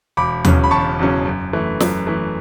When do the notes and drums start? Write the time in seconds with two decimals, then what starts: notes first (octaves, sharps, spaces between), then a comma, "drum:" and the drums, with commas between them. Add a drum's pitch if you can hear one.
0.17 E1 B5 D6
0.45 E2 C#3 F#3 C#4, drum: tom D#2
0.64 B5
0.71 E1 A5 C#6
0.99 E2 C#3 F#3 C#4
1.26 F#2
1.53 E3 A3
1.80 F#2, drum: snare
2.07 E3 A3